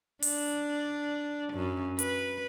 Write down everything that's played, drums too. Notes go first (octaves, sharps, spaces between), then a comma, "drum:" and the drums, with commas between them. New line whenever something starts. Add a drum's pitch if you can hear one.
D4, drum: open hi-hat
F#2
B4, drum: hi-hat